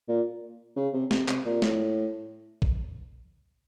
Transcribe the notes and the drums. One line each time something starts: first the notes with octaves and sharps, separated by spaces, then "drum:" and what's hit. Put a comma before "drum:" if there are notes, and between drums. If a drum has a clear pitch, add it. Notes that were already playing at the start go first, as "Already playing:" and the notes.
A#2
C#3
C3
C3, drum: snare
C3, drum: clap
A#2
A2, drum: snare
drum: kick